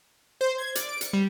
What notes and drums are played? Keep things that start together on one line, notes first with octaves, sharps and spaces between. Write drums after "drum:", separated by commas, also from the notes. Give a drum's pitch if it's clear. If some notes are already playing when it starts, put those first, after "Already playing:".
C5
G#6
D5, drum: hi-hat
D7
C#7, drum: hi-hat
G3